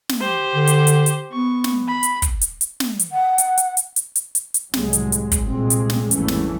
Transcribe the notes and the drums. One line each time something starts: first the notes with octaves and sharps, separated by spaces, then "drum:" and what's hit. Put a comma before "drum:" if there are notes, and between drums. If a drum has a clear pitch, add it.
drum: snare
G4 C5
D3
drum: hi-hat
drum: hi-hat
drum: hi-hat
B3 C#6
drum: snare
B5
drum: hi-hat
drum: kick, hi-hat
drum: hi-hat
drum: hi-hat
drum: snare
drum: hi-hat
F#5
drum: hi-hat
drum: hi-hat
drum: hi-hat
drum: hi-hat
drum: hi-hat
drum: hi-hat
drum: hi-hat
C2 A2 F#3 G#3, drum: snare
drum: hi-hat
drum: hi-hat
drum: kick, hi-hat
C2 A#2 G#3 C4
drum: hi-hat
drum: snare
G#1 E2 G2 E3 A3 C#4, drum: hi-hat
drum: snare